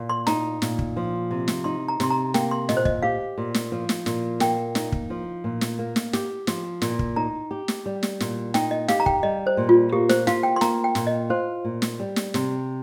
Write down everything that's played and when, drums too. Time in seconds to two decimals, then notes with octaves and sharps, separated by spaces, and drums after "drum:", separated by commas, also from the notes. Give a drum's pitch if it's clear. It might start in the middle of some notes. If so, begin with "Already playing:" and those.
Already playing: A#2 A#3
0.09 C6
0.27 D#4 A#5, drum: snare
0.62 A#2, drum: snare
0.79 drum: kick
0.97 F3
1.31 C3
1.48 drum: snare
1.64 D#4 C6
1.88 A#5
2.00 C3 C6, drum: snare
2.11 A#5
2.34 A#3 G5, drum: snare
2.51 C6
2.69 A#2 D#5, drum: snare
2.77 C5
2.85 D#5, drum: kick
3.03 G4 F5
3.38 A#2
3.54 drum: snare
3.72 F3
3.89 drum: snare
4.06 A#2, drum: snare
4.40 A#3 G5, drum: snare
4.75 D#4, drum: snare
4.92 drum: kick
5.10 F3
5.44 A#2
5.61 drum: snare
5.79 A#3
5.96 drum: snare
6.13 G4, drum: snare
6.47 F3, drum: snare
6.82 A#2, drum: snare
6.99 drum: kick
7.16 D#4 A#5
7.51 G4
7.68 drum: snare
7.86 G3
8.03 drum: snare
8.20 A#2, drum: snare
8.54 D#4 G5, drum: snare
8.71 D#5
8.88 G4 F5, drum: snare
9.00 A#5
9.06 G5, drum: kick
9.23 G3 D#5
9.47 C5
9.57 A#2
9.69 F4
9.93 A#3 G4
10.09 C5, drum: snare
10.27 F4 F5, drum: snare
10.43 G5
10.56 C6
10.61 A#3 A#5, drum: snare
10.84 G5
10.95 A#2, drum: snare
11.07 D#5
11.30 F4 C5
11.64 A#2
11.82 drum: snare
12.00 G3
12.16 drum: snare
12.34 C3, drum: snare